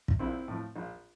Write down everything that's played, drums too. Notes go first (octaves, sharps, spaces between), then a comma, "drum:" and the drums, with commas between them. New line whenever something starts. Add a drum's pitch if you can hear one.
drum: kick
A#1 C4 E4
A2 F3
A#1